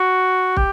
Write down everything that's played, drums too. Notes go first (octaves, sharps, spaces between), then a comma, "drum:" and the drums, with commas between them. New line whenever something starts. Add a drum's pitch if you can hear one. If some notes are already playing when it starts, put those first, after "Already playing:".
Already playing: F#4
G4, drum: kick